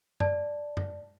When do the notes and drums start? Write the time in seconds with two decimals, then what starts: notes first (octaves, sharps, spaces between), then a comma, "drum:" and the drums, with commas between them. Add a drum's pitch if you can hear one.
0.20 D5 A5, drum: tom F#2
0.77 drum: tom F#2